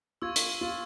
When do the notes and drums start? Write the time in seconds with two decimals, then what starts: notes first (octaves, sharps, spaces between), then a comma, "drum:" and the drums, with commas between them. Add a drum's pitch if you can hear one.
0.22 F4 C#6 E6 G#6
0.36 drum: hi-hat
0.61 F4